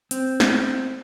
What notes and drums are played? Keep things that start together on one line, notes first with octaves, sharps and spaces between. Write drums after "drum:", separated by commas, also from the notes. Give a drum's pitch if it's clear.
C4, drum: hi-hat
drum: snare